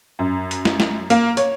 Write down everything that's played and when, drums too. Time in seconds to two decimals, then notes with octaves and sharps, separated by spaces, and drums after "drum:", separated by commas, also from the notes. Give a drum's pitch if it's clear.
0.19 F#2
0.51 drum: hi-hat
0.65 drum: snare
0.80 drum: snare
1.10 A#3, drum: hi-hat
1.37 C#5, drum: hi-hat